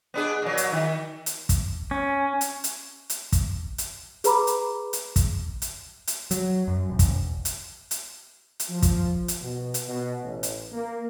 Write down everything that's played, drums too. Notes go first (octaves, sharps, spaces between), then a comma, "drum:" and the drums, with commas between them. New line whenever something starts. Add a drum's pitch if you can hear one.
B3 D4 G#4
A#2 F#3
drum: hi-hat
D#3
drum: hi-hat
drum: kick, hi-hat
C#4
drum: hi-hat
drum: hi-hat
drum: hi-hat
drum: kick, hi-hat
drum: hi-hat
G#4 B4 A#5 B5 D6, drum: hi-hat
drum: hi-hat
drum: hi-hat
drum: kick, hi-hat
drum: hi-hat
drum: hi-hat
F#3, drum: hi-hat
F#2
E1
drum: kick, hi-hat
drum: hi-hat
drum: hi-hat
drum: hi-hat
F3
drum: kick, hi-hat
drum: hi-hat
B2
drum: hi-hat
B2
A1
drum: hi-hat
A#3